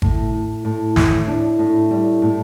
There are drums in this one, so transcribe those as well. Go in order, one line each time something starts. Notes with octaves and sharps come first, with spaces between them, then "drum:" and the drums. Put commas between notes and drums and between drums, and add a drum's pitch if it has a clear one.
A2, drum: kick G#1
A2
A2
A2, drum: snare
D4
A2
G3
A2